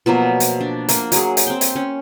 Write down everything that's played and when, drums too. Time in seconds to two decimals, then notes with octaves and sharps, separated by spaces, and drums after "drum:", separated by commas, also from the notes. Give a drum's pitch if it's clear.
0.06 B2 F3 F#3 A#3
0.40 drum: hi-hat
0.61 D4
0.89 A#3, drum: hi-hat
1.12 F#3 G#4, drum: hi-hat
1.37 drum: hi-hat
1.47 C4 G5
1.61 drum: hi-hat
1.75 C#4